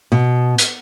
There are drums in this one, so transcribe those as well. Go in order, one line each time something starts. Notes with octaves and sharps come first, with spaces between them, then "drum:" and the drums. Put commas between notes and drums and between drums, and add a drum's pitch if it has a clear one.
B2
drum: hi-hat